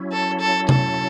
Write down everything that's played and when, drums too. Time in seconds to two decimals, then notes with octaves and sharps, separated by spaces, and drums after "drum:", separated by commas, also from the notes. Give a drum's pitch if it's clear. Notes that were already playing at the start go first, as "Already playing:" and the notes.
Already playing: F#3 C#4 E4
0.12 A4
0.40 A4
0.69 A4, drum: tom C3